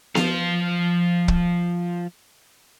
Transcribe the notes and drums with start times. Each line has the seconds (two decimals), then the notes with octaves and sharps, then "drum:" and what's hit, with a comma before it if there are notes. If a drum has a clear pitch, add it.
0.15 F3 F5, drum: snare B3
1.28 drum: kick